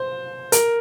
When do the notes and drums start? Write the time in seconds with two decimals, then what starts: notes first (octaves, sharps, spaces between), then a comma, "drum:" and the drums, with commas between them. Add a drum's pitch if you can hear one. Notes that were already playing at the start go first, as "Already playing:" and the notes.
Already playing: C5
0.52 A#4, drum: hi-hat